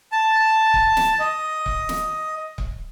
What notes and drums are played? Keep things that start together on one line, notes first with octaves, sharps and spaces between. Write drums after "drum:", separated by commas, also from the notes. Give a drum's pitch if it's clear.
A5
drum: kick C#1
drum: snare
D#5
drum: kick C#1
drum: snare
drum: kick C#1